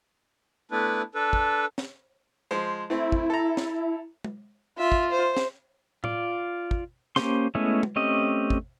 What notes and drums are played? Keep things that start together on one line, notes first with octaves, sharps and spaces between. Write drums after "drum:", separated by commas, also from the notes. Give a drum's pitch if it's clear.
A3 B3 D4 E4 B4
D4 A4 B4
drum: kick
drum: snare
F3 G#3 C5
A3 C4 E4
drum: kick
A4 A#5
drum: snare
drum: tom
F4 E5
drum: kick
C5
drum: snare
F4 D5, drum: tom A2
drum: kick
A#3 C#4 G4 C5 C6, drum: snare
G#3 A3 B3 C#4 E4
drum: tom
A3 C4 C#4 G4 D#5
drum: kick